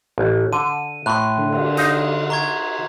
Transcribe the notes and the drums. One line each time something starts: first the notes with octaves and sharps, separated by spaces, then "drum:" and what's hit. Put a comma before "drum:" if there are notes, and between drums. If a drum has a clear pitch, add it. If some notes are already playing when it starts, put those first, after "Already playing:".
A1
D3 D#7
A2 C6 F#6
D3
drum: cymbal
D#4 F5, drum: hi-hat
A#5 C#6 G#6